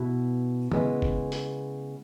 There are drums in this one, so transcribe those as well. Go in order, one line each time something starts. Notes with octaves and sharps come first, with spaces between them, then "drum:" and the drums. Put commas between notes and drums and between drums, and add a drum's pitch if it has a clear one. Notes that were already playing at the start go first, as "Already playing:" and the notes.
Already playing: B2 E4
C#3 G#3 B3 E4, drum: tom D3
drum: kick F#1
drum: hi-hat